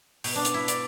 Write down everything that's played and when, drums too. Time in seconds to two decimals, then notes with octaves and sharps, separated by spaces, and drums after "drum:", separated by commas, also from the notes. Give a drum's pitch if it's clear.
0.24 B2, drum: open hi-hat
0.36 D4
0.45 drum: hi-hat
0.54 E4
0.68 D5, drum: hi-hat